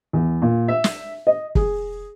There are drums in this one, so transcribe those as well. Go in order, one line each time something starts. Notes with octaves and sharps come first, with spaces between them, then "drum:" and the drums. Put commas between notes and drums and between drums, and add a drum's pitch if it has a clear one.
E2
A#2
E5
drum: snare
D#5
G#4, drum: kick